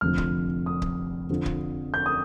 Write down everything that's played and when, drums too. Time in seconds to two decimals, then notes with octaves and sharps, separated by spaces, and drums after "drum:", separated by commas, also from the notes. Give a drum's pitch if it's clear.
0.01 F1 F2 D3 F3 F6
0.18 drum: kick C#1
0.66 D#6
0.82 drum: kick C#1
1.29 F2 D3 F3
1.46 drum: kick C#1
1.94 G6
2.06 D#6